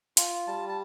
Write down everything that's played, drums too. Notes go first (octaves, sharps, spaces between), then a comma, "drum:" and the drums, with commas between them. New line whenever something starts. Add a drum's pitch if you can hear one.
F4, drum: hi-hat
G3 A5
A5